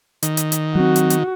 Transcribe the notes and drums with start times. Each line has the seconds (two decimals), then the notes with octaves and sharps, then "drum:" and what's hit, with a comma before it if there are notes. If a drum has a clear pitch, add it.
0.23 D#3, drum: hi-hat
0.37 drum: hi-hat
0.52 drum: hi-hat
0.75 F#3 C4 F#4
0.96 drum: hi-hat
1.10 drum: hi-hat